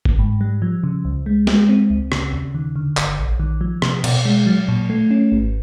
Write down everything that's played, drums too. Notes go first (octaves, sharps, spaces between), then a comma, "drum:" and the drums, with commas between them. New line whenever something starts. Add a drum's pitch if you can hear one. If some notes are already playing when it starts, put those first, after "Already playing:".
drum: kick
G#2
G3
F3
C#3
C#2
G#3
G#3, drum: snare
C4
C#2
C#3, drum: rim click
D#2
D#3
D3
G1, drum: clap
A#1
D#3
F3
C3, drum: rim click
B2, drum: cymbal
G#3
F#3
A#2
A3
C#4
G#1